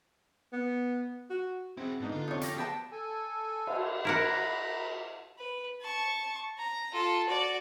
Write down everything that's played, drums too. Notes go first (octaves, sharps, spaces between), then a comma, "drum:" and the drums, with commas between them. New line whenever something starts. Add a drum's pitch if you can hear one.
B3
F#4
C4 E4 F#4 G#4
G#2 B3 D4 D#4
D3 F4
F2 C3 D#4 C#5
C#4 G4 A#6, drum: hi-hat
B3 G#4 G5 A5
A4 G#5
drum: cymbal
E4 A#4 F#5
A#5 B5
B4
A5 C#6
A#5
F4 A4
F#4 D5